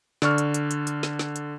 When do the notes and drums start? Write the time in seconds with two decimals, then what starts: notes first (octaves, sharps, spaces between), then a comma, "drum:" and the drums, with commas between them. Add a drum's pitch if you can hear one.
0.22 D3 D5 C#6 F6, drum: snare
0.38 drum: hi-hat
0.54 drum: hi-hat
0.71 drum: hi-hat
0.87 drum: hi-hat
1.03 drum: snare
1.19 drum: snare
1.36 drum: hi-hat